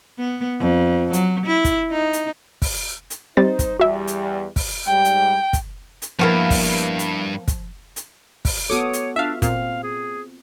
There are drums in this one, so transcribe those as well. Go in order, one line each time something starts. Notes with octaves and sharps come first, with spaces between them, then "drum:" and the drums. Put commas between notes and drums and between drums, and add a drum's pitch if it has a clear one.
B3
F2
F#3, drum: hi-hat
E4
drum: kick, hi-hat
D#4
drum: hi-hat
drum: kick, open hi-hat
drum: hi-hat
G3 C4 D#4 C5 A6
drum: kick, hi-hat
E2 G3 F#4 E5
drum: hi-hat
drum: kick, open hi-hat
G#2 G3 G5
drum: hi-hat
drum: kick, hi-hat
drum: hi-hat
G2 F3 A#3 B3 E4 F#4 F5
drum: kick, open hi-hat
drum: hi-hat
drum: kick, hi-hat
drum: hi-hat
drum: kick, open hi-hat
B3 F#4 A4 C#5 D6 D#6
drum: hi-hat
D4 F4 E5 F5
A#2 C4 F5, drum: kick, hi-hat
G#4